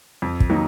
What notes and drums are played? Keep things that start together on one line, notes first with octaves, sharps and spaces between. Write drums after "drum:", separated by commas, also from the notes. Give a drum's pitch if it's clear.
F2
drum: kick
D#3 F#3 A#3 D#4